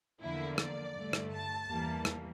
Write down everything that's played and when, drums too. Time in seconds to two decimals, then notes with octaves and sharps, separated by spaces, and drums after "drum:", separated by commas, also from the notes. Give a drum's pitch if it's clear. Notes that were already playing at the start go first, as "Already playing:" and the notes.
0.22 E2 D3 F3 A#3 E4
0.58 D5, drum: rim click
0.94 G2 D3 A3
1.13 drum: rim click
1.32 A5
1.69 E2 E3 G3 A#3
2.05 drum: rim click